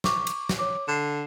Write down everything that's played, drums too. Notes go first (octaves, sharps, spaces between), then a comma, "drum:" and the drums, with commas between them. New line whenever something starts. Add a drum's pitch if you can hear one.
C#6 D6, drum: snare
drum: cymbal
drum: snare
C#5 D6
D3 C7 E7